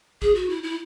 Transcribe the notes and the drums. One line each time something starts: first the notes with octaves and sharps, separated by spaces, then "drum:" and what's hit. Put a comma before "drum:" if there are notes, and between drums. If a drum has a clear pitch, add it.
G#4, drum: kick A1
F#4
E4
E4